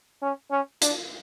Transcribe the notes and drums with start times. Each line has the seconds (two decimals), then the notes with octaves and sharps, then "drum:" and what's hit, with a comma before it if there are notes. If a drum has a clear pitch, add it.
0.22 C#4
0.51 C#4
0.82 D4, drum: hi-hat